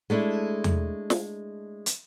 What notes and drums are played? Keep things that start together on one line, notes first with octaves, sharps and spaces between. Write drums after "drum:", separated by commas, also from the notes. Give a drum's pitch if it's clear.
G#3 A3 D4 E4
drum: tom E2
drum: snare
drum: hi-hat